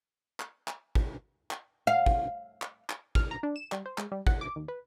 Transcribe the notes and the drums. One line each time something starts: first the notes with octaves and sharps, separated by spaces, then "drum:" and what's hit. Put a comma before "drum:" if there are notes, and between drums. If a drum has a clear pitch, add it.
drum: clap
drum: clap
drum: kick
drum: clap
F5
drum: kick
drum: clap
drum: clap
F6, drum: kick
A#5
D4
E7
G3, drum: clap
C5
G#3, drum: clap
G3
F#5, drum: kick
D6
D#2
B4